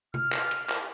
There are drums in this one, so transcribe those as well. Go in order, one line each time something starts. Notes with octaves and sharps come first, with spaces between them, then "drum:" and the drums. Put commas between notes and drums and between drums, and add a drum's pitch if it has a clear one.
F6, drum: tom C3
drum: clap
drum: cymbal
drum: clap